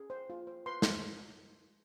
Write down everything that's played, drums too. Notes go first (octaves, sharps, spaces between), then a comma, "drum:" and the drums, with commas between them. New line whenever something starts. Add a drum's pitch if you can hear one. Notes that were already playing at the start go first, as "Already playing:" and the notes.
Already playing: G#4
C5
F4
C5
B4 C6
drum: snare